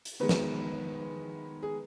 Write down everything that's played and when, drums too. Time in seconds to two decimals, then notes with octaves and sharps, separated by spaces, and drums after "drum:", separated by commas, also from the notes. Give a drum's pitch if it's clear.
0.05 drum: hi-hat
0.20 D#3 G#3 B3 B4
0.29 drum: snare
1.63 G#4